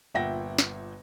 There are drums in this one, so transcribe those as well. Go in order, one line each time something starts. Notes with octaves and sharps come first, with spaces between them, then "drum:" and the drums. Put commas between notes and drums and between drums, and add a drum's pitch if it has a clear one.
G1 A#2 E5 F#5 G5 A#6
drum: snare